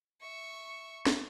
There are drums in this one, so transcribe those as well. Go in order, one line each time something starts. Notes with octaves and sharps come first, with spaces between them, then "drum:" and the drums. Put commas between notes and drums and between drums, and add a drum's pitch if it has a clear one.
E5 C#6
drum: snare